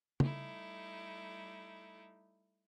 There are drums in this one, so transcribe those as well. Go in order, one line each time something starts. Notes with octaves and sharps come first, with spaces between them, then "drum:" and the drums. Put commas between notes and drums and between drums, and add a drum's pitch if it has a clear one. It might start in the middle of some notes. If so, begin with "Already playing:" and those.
G3 A3 D#4 E4, drum: tom